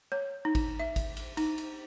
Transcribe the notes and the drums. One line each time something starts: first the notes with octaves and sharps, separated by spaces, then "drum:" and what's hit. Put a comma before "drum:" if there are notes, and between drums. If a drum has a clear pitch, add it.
C#5
D#4
drum: kick G#1, cymbal
E5
drum: kick G#1, cymbal
drum: cymbal
D#4, drum: cymbal
drum: cymbal